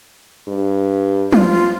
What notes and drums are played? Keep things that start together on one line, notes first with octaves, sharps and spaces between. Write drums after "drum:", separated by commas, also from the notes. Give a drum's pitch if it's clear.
G2
F3 F4, drum: tom